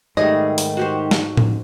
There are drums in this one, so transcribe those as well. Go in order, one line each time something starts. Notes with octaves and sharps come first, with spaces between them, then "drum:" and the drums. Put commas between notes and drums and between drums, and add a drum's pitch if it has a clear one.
G#2 D#3 G3 A3 G#4 D#5
drum: open hi-hat
F#4 G4 C5
drum: snare
drum: tom A2